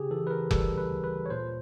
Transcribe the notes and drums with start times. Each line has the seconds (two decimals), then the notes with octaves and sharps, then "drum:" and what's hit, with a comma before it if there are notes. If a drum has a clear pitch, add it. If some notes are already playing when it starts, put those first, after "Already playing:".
Already playing: C#3 G4 G#4
0.11 E3 A4
0.27 B4
0.31 A#4
0.51 G3 A4, drum: kick F1
0.77 B4
0.91 D2
1.04 B4
1.26 C#5
1.30 A#2 C5